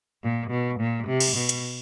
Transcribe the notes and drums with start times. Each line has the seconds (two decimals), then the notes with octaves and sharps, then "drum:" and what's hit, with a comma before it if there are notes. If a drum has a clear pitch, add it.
0.23 A#2
0.50 B2
0.80 A#2
1.08 C3
1.20 drum: cymbal
1.36 B2
1.49 drum: hi-hat